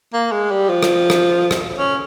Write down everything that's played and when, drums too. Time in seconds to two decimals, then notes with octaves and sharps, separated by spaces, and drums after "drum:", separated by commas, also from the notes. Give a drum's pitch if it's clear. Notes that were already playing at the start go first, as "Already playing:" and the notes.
0.14 A#3
0.32 G#3
0.51 G3
0.69 F3
0.83 drum: rim click
1.10 drum: rim click
1.51 drum: rim click
1.79 C#4